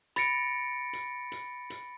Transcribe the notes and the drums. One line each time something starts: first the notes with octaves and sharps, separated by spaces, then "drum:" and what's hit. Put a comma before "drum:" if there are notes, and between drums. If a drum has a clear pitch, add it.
B5 A6 A#6 C#7 D7, drum: hi-hat
drum: hi-hat
drum: hi-hat
drum: hi-hat